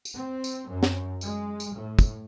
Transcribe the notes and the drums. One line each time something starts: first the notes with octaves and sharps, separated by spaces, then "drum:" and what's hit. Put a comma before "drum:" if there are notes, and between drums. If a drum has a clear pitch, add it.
drum: tambourine
C4
drum: tambourine
F#2
drum: snare C4
G#3, drum: tambourine
drum: tambourine
A2
drum: kick, tambourine